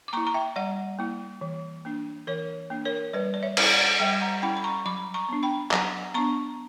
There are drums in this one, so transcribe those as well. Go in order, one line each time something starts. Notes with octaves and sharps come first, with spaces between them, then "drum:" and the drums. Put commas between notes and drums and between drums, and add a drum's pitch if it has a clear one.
D6
A#3 E4 A#5 C#6
A#5
E5 G5
G3 D5 F#5
A#3 E4
E3
A#3 D4
E3 A#4 C#5
A#3 D4
A#4 C#5
G3 B4 D5
D5
C#5 E5
C#4 E4, drum: cymbal
D5 F#5
G3 E5 G5
F#5 A#5
C#4 E4 G5 B5
B5
A#5 C#6
F#3 B5 D6
A#5 C#6
B3 D4
G5 B5
F#3 F#5 A#5, drum: clap
B3 D4 A#5 C#6